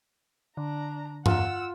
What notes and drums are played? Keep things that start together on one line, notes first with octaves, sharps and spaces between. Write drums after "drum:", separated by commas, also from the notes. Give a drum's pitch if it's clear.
D3 D4 A#5
F4 F#5 E6, drum: tom G2